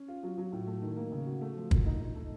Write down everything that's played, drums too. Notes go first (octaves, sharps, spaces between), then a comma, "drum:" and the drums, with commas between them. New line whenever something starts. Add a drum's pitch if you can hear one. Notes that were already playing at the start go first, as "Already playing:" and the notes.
Already playing: C#4
F4
F#3
F#3
A2
A3
D#3
A#3
C#3
F#4
A3
F3
A#2, drum: kick
D#4
D#4
A3